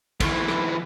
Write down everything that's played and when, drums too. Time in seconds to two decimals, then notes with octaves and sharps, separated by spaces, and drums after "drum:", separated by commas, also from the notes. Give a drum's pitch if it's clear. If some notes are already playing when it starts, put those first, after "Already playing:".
0.20 D2 E3, drum: kick, cymbal
0.48 drum: rim click